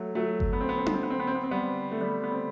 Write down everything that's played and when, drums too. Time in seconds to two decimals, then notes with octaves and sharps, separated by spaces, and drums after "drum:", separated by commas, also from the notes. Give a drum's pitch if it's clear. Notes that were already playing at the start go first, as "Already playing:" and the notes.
Already playing: F#3 A3
0.15 F#3 A3
0.40 drum: kick G1
0.53 B3
0.61 C4
0.69 B3
0.78 C4
0.86 B3, drum: tom D4
0.94 C4
1.03 B3
1.10 C4
1.20 B3
1.27 C4
1.35 B3
1.44 C4
1.51 G3 B3
1.92 A3
2.01 G3 B3
2.23 B3
2.31 C4